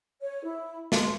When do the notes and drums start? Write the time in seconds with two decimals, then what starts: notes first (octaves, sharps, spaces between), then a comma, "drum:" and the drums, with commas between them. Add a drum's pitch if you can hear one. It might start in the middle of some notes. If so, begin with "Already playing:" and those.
0.21 C#5
0.44 E4
0.92 C6, drum: snare